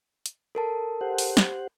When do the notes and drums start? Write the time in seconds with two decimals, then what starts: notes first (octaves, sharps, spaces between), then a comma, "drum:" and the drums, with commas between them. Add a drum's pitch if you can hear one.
0.26 drum: hi-hat
0.55 A4 A#4 A5
1.01 G4 C5 F#5
1.18 drum: open hi-hat
1.37 drum: snare